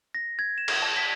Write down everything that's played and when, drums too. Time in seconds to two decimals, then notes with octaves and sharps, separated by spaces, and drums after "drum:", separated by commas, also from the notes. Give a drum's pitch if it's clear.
0.14 A#6
0.39 G#6
0.58 E7
0.68 drum: cymbal
0.82 A5
0.97 B6